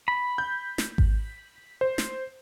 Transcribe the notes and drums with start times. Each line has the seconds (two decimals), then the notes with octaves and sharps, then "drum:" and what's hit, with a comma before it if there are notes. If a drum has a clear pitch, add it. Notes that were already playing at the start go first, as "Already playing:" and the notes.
0.08 B5
0.38 G6
0.78 drum: snare
0.98 drum: kick G#1
1.81 C5
1.98 drum: snare